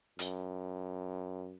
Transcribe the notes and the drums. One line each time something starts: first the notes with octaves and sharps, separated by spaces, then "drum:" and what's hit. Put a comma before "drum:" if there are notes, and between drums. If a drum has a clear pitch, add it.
F#2, drum: hi-hat